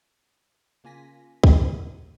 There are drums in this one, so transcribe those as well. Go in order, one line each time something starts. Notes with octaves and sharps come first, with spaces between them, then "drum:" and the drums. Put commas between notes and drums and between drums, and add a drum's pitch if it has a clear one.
C#3 A#3 F4 G#5 A#6 B6
B2 D3 E3 A#3 D#7, drum: kick